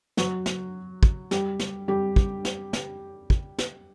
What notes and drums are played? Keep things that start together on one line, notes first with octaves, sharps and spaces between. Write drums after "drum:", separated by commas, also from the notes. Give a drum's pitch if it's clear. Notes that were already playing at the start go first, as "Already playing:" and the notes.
F#3 F#4, drum: snare
drum: snare
drum: kick
G3 G4, drum: snare
drum: snare
G3 G4
drum: kick
drum: snare
drum: snare
drum: kick
drum: snare